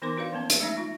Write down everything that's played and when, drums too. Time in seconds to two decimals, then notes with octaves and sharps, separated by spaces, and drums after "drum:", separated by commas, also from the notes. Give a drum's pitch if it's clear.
0.02 E3 B3 D#4 A#4 C6 D6
0.17 D4 F#4 B4 D5 F5
0.32 F3 A#3 B3 C#4
0.50 drum: hi-hat
0.60 G#3 A3 C#4 D#4 E5
0.77 D#4 F4